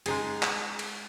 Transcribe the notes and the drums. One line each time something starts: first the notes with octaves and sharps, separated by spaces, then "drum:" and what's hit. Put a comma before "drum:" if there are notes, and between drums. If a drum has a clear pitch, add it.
G#3 D#4 G#4, drum: cymbal
drum: clap
drum: cymbal